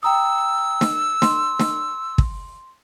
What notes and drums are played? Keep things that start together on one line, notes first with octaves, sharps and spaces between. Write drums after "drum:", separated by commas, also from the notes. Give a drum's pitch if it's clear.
G5 A#5 D#6 E6
drum: snare
C6, drum: snare
drum: snare
drum: kick